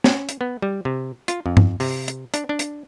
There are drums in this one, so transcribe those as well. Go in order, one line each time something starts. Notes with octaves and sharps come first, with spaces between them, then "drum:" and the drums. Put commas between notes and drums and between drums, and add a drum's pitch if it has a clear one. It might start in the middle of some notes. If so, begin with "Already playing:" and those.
C#4, drum: snare
drum: hi-hat
B3
G3
C3
F4, drum: hi-hat
F2
drum: tom G2
C3, drum: open hi-hat
drum: hi-hat
D4, drum: hi-hat
D4
drum: hi-hat